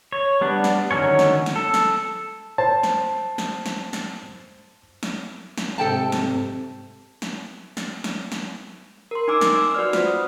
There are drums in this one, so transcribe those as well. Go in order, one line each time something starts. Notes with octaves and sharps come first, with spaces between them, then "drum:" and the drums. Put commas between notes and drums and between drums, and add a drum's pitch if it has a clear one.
C#5
G3 B3 D4
drum: snare
D3 D#3 F#3 C#4 C#5
drum: snare
drum: snare
A4
drum: snare
C5 A5
drum: snare
drum: snare
drum: snare
drum: snare
drum: snare
drum: snare
G#2 C3 A4 G5 A5
drum: snare
drum: snare
drum: snare
drum: snare
drum: snare
A#4 C6
D#4 G#5 D6 E6 G#6
drum: snare
E6
F#4 B4 D5 F6
F4 C5, drum: snare
D#6